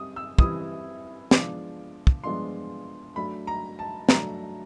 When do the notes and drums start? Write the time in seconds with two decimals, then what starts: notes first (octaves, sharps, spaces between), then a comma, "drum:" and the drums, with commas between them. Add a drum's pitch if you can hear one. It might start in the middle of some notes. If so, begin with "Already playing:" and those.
Already playing: G3 C4 D#6
0.16 E6
0.39 E3 G3 C4 E4 D#6, drum: kick
1.31 F3 G#3 B3 D4 F4 D6, drum: snare
2.07 drum: kick
2.24 F3 G#3 B3 D4 F4 C6
3.16 F#3 A3 D4 B5
3.47 A#5
3.79 A5
4.09 F#3 A3 D4 A#5, drum: snare